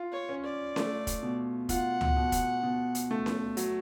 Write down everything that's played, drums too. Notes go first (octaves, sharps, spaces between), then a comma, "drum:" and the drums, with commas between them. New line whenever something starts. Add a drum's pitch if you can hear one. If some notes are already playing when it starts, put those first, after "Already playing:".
Already playing: F4
C#5
C#4
D5
A3, drum: snare C#4
drum: kick, hi-hat
B2
F4 F#5, drum: kick, hi-hat
drum: tom C#2
B2
drum: kick, hi-hat
B2
drum: hi-hat
A3
drum: snare C#4
F#3, drum: hi-hat